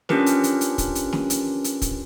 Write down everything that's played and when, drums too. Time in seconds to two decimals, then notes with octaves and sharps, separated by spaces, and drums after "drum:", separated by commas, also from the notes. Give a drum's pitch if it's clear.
0.09 C#4 D4 F4 G4 A#4 B4, drum: snare
0.26 drum: hi-hat
0.44 drum: hi-hat
0.61 drum: hi-hat
0.78 drum: kick, hi-hat
0.95 drum: hi-hat
1.13 drum: snare
1.30 drum: hi-hat
1.64 drum: hi-hat
1.82 drum: kick, hi-hat